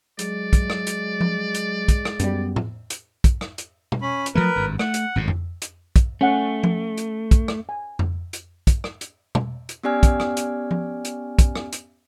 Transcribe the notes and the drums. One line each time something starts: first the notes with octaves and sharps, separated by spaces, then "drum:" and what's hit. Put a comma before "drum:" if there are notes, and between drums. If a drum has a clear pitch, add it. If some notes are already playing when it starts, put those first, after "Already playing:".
F#3 G#3 D5, drum: hi-hat
drum: kick, hi-hat
drum: rim click
drum: hi-hat
drum: tom F3
drum: hi-hat
drum: kick, hi-hat
drum: rim click
F#2 G3 B3, drum: hi-hat
drum: tom A2
drum: hi-hat
drum: kick, hi-hat
drum: rim click
drum: hi-hat
drum: tom
C#4 B5
drum: hi-hat
F3 F#3 A3 A#4 B4
G#1 G2
A3 F#5, drum: rim click
drum: hi-hat
G#1 F#2 A2
drum: tom F2
drum: hi-hat
drum: kick, hi-hat
A3 C#4 F#5
drum: tom F3
drum: hi-hat
drum: kick, hi-hat
drum: rim click
G#5
drum: tom F2
drum: hi-hat
drum: kick, hi-hat
drum: rim click
drum: hi-hat
drum: tom
drum: hi-hat
B3 C#4 G4 D5 G#5 F6
drum: kick, hi-hat
drum: rim click
drum: hi-hat
drum: tom F3
drum: hi-hat
drum: kick, hi-hat
drum: rim click
drum: hi-hat